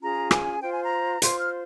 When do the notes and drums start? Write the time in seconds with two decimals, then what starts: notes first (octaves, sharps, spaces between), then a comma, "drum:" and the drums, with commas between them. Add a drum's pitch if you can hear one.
0.01 C#4 F4 G#4 A#5
0.31 G#5, drum: rim click
0.61 F4 C5 G5
0.72 G#5
0.82 A#5
1.22 F4 C5 C6, drum: hi-hat
1.38 F6